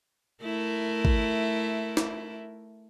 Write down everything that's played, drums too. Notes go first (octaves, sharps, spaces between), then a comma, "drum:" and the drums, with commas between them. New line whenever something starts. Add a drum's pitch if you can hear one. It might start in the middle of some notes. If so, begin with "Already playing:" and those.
A3 E4 A#4
drum: kick
drum: snare